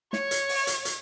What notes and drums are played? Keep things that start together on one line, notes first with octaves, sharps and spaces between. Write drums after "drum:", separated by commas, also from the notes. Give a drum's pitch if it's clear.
C#5, drum: snare
drum: hi-hat
drum: open hi-hat
drum: hi-hat
drum: hi-hat